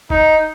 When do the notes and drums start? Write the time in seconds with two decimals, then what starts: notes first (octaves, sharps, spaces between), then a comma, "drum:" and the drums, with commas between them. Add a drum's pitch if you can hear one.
0.10 D#4, drum: kick F1